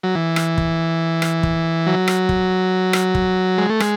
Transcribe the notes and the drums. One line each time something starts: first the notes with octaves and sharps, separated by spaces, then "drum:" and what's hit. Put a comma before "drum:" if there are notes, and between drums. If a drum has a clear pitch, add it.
F#3
E3
drum: rim click
drum: kick
drum: rim click
drum: kick
F#3
drum: rim click
drum: kick
drum: rim click
drum: kick
G#3
A3
G#3, drum: rim click